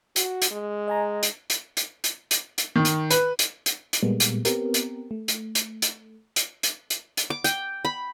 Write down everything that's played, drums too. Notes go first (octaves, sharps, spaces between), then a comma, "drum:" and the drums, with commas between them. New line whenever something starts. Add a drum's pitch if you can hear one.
F#4, drum: hi-hat
drum: hi-hat
G#3
D#5 G#5 A#5
drum: hi-hat
drum: hi-hat
drum: hi-hat
drum: hi-hat
drum: hi-hat
drum: hi-hat
D#3
drum: hi-hat
B4, drum: hi-hat
drum: hi-hat
drum: hi-hat
drum: hi-hat
A#2 G3 G#3 A#3 B3
drum: hi-hat
B3 C4 G4 A#4, drum: hi-hat
drum: hi-hat
A3
drum: hi-hat
drum: hi-hat
drum: hi-hat
drum: hi-hat
drum: hi-hat
drum: hi-hat
drum: hi-hat
D6
G5, drum: hi-hat
B5